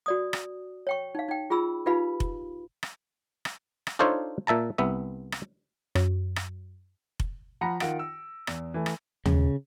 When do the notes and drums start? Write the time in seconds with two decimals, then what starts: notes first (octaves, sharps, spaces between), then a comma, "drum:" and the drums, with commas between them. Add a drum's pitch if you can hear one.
0.06 F#4 D5 D#6
0.33 drum: rim click
0.87 C#5 G5 C#6
1.15 D#4 F5
1.28 D#4 G5
1.50 F4 G#4 B5 E6
1.86 D#4 F4 G4 B4 F5 B5
2.20 drum: kick F1
2.83 drum: rim click
3.45 drum: rim click
3.87 drum: rim click
3.99 D4 D#4 F4 A4 C5 C#5
4.47 A#2 E5 A5 A#5
4.78 C2 B3 E5
5.32 drum: rim click
5.95 F#2, drum: rim click
6.36 drum: rim click
7.20 drum: kick F1
7.61 F3 F#5 A#5 B5 A#6 C#7
7.80 D#3 F4 F#5 D7, drum: rim click
7.99 E6
8.47 E2, drum: rim click
8.74 E3 A3
8.86 drum: rim click
9.26 C#3, drum: tom D#2